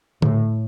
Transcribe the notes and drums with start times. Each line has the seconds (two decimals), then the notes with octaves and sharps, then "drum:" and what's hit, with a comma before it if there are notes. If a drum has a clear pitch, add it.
0.22 A2, drum: tom D3